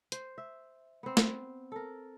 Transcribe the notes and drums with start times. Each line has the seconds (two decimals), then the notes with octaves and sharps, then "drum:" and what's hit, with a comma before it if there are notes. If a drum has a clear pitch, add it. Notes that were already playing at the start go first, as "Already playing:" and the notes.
0.12 C5, drum: hi-hat
0.38 E5
1.03 B3 C4
1.17 drum: snare
1.72 A4 A#4